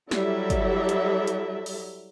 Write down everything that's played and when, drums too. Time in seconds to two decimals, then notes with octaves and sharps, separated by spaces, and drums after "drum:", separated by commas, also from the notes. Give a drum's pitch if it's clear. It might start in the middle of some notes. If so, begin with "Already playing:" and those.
0.11 F#3 G3 E4 A4 E5, drum: snare
0.50 drum: kick, hi-hat
0.89 drum: hi-hat
1.27 drum: hi-hat
1.66 drum: open hi-hat